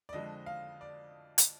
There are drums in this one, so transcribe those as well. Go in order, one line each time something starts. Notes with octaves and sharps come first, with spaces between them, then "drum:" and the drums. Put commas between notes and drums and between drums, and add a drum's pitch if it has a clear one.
D5
F2 D3 F3 G#3 D#5
F5
D5
drum: hi-hat